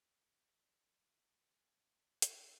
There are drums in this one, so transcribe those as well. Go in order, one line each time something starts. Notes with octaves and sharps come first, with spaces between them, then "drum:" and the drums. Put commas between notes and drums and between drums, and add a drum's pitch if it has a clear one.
D#5
D5
A#4
G#5
C6
G#5, drum: hi-hat